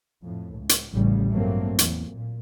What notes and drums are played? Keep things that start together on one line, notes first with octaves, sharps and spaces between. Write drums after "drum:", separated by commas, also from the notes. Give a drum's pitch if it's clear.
F2 A2
C#2
drum: hi-hat
A1 D2 C#3 G3
G2 F#3 A3 A#3 C4
E2, drum: hi-hat
A#2